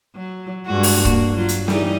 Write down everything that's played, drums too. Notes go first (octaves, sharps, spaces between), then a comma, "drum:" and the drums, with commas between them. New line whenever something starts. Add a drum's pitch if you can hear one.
F#3
G2 G#3 F#4
drum: open hi-hat
A#3, drum: kick
F#3 F4
drum: hi-hat
E3 G3 D#4, drum: snare